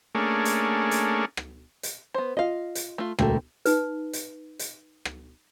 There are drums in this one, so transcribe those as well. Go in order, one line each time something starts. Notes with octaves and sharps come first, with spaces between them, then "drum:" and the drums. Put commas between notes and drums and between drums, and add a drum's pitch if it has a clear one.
A3 A#3 C#4 D4 G#4
drum: hi-hat
drum: hi-hat
drum: rim click
drum: hi-hat
B3 C5
F4 D#5 F5
drum: hi-hat
A3 F4
E1 D2 A3 A#3 A4 G5, drum: rim click
D#4 B4, drum: hi-hat
drum: hi-hat
drum: hi-hat
drum: rim click